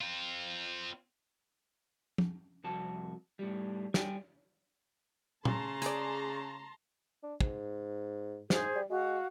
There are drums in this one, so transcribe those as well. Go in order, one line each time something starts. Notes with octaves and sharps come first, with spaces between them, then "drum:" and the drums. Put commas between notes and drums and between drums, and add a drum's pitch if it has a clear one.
C4 F4
drum: tom
C2 F2 F#4 A5
A2 G3
G3 G5 G#5, drum: snare
C#3 A5 A#5 C6, drum: tom
G#4 D5, drum: hi-hat
D4
G#2, drum: kick
G#2 G#4 C5, drum: snare
G3
G#3 F#4 F5